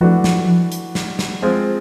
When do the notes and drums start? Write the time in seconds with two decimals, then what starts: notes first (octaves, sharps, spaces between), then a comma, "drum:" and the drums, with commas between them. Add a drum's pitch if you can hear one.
0.01 E3 F3 A3 D4 F#4 B4
0.24 F3, drum: snare
0.72 drum: hi-hat
0.95 drum: snare
1.19 drum: snare
1.42 F3 G#3 C4 F4